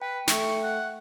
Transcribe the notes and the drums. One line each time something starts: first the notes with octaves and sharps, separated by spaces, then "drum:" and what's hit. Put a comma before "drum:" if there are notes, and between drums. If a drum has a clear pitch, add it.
B4 G5
A3 C#6, drum: snare
F#5